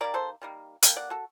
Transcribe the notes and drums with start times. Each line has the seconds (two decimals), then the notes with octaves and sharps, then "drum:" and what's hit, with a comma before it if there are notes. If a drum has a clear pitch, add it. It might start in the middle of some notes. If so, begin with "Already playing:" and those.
0.01 D#3 G3 A#3 A#4 D5
0.14 A4 C5
0.42 D#3 G3 A#3
0.82 D3 G3 A#3 G5, drum: hi-hat
0.96 D5 F#5
1.10 F#4 A4